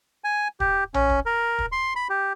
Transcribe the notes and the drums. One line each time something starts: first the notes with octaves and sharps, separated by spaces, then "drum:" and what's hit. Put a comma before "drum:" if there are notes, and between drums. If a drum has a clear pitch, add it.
G#5
G4, drum: kick
C#4, drum: tom A#1
drum: kick
A#4
drum: kick
C6
B5
G4